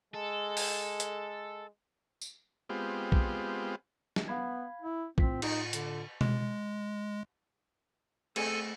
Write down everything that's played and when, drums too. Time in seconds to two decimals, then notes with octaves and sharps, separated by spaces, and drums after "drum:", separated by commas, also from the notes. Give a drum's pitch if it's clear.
0.14 G#3 A4
0.57 drum: open hi-hat
1.00 drum: hi-hat
2.21 drum: tambourine
2.69 G#3 B3 C4 F4 G4
3.12 drum: kick
4.16 drum: snare
4.28 B3 F5 B5 G#6
4.82 E4
5.18 A2 C4 F4 B6, drum: kick
5.42 D#4, drum: cymbal
5.73 D3, drum: hi-hat
6.21 G#3, drum: tom B2
8.36 A3 C4 G#4 A4 G#5, drum: cymbal